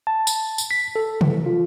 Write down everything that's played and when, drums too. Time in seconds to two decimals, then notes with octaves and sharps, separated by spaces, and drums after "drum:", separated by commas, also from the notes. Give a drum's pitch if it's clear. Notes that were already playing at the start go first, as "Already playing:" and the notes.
0.07 A5
0.27 drum: tambourine
0.58 drum: tambourine
0.71 B6
0.96 A4
1.21 E3, drum: tom C3
1.46 F4